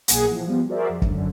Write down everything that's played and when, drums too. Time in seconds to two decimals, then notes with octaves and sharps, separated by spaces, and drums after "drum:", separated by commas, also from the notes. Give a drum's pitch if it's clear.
0.08 B1 A#2 G#4 F#5, drum: hi-hat
0.30 E3 F3
0.45 F3 G3 B3
0.69 F#4 G#4 A#4 C5 D5 E5
0.89 F2
1.02 F#2 D3, drum: kick